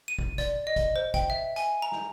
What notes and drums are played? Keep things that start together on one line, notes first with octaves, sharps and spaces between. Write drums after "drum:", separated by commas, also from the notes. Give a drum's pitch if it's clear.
D#7
drum: kick
D5, drum: kick, hi-hat
D#5
drum: kick, hi-hat
C5
G5, drum: kick, hi-hat
E5
G#5, drum: hi-hat
A#5
drum: snare